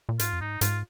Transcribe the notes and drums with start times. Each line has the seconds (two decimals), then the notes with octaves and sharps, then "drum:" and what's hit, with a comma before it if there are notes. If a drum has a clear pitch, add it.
0.09 A#2
0.19 G#2 F4, drum: hi-hat
0.33 F2
0.41 G#2 D#4
0.61 G#2 F4, drum: hi-hat